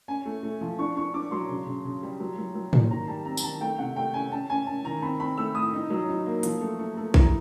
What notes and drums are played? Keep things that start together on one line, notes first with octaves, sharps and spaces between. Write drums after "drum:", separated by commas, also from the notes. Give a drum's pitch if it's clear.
C#4 G#5
A3
A3
F3
D4 C#6
D4 C#6
D4 D6
F#3 C6
C#3
C#3
C#3
G3
F#3
F#3
F#3
A#2, drum: tom G#2
D#3 A#5
G3 A5
C4 A#5
A#5, drum: tambourine
D#3 A5
A3 G5
C3 F#5
A3 G5
C#4 G#5
C#4 A5
C#4 G#5
C#4 A5
D#3 A#5
C4 B5
C4 B5
A3 E6
A2 D#6
D#4
F#3
D#4
A#3
F3, drum: hi-hat
A3
A3
A3
E3 A#5, drum: kick A#1